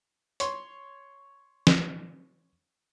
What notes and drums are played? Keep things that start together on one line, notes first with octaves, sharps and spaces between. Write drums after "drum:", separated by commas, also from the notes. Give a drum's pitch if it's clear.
C#5 C6, drum: hi-hat
drum: snare